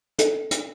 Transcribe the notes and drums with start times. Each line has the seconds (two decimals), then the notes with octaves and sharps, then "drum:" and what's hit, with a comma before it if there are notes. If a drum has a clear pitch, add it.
0.19 A4, drum: hi-hat
0.51 drum: hi-hat